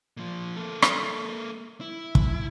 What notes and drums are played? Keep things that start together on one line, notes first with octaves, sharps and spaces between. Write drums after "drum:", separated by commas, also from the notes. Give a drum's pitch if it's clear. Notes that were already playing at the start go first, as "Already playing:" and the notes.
A#2 F3
A#3 A4
drum: rim click
E4
drum: kick